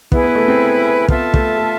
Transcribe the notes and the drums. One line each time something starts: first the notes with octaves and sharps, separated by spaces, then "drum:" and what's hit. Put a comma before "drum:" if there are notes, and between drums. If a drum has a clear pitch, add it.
B3 E4 G#4 B4, drum: kick
B3
A3
C4
B3 F4 A4 E5 A5, drum: kick
A3, drum: kick
A3